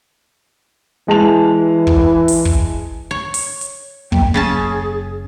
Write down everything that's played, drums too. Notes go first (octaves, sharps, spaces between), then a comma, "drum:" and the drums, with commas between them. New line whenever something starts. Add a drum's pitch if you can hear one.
E3 G#3 A5 F7
drum: kick
drum: open hi-hat
drum: kick
C#5
drum: open hi-hat
drum: hi-hat
F#1 F#3 A#3 G5, drum: kick
C#3 C#4 G#4 A5